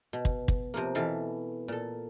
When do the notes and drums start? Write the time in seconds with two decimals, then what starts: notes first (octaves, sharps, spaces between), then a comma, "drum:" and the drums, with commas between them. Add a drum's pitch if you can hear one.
0.13 B2
0.25 drum: kick
0.48 drum: kick
0.74 C3 F3 A#3
0.95 B2 E3 E4 A4 F5
1.68 A#2 A4